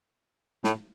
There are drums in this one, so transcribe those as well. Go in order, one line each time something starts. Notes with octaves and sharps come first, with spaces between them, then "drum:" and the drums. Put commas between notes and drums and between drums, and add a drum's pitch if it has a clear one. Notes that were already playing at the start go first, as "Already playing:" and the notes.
A2, drum: snare